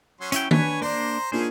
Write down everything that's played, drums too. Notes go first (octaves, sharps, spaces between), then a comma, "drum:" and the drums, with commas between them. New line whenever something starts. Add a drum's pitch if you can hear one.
F#3 C#4 C6
F#3 C#4 E4 G5, drum: hi-hat
D4 B4 C#5 G#5 B6, drum: tom D#3
A#3 D4 C5 D5 A#5 C6
G#3 A#3 C#4 D4 F4 G#4 C5